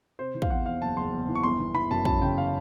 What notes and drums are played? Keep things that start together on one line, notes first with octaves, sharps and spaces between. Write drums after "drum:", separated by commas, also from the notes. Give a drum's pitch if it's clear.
C3 C5
E3
F5, drum: kick
E2 F#5
E2 F5
F#1 A5
F#1 C6
E2
E3
C#6
G1 C6
E3
E3 B5
F#2 A5
F#2 A5, drum: kick
C#3 G5
F5